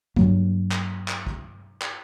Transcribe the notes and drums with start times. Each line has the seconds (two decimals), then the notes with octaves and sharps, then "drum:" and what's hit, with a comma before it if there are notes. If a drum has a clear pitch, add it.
0.16 G2 F#3 A#3, drum: kick
0.72 drum: clap
1.08 drum: clap
1.27 drum: kick
1.82 drum: clap